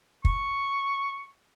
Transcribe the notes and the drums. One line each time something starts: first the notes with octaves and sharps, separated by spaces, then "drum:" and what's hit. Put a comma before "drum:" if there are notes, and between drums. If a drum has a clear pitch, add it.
C#6, drum: kick